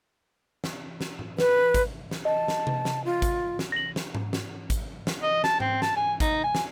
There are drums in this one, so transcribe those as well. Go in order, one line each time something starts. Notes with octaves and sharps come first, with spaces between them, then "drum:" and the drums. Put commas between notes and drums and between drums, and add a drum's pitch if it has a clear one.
drum: snare
drum: snare
drum: tom A2
B4, drum: snare
drum: kick, hi-hat
drum: snare
D#5 A5
drum: snare
drum: tom C3
drum: snare
F4
drum: kick, hi-hat
drum: snare
A#6 F#7
drum: snare
drum: tom G#2
drum: snare
drum: kick, hi-hat
drum: snare
D#5
A5, drum: snare
C4, drum: tom G#2
A5, drum: snare
G#5
D#4, drum: kick, hi-hat
G#5
drum: snare